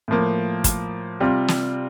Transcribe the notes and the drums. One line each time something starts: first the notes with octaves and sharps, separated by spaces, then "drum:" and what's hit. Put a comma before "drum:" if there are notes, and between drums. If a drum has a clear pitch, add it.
A2 F3 A#3
drum: kick, hi-hat
C3 G3 C4 F4
drum: snare